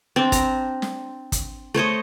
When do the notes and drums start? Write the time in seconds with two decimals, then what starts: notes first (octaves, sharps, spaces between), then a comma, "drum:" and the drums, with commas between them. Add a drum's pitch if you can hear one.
0.16 C4 D4
0.32 A#5, drum: kick, hi-hat
0.82 drum: snare
1.32 drum: kick, hi-hat
1.74 A3 C5 C#5 D#5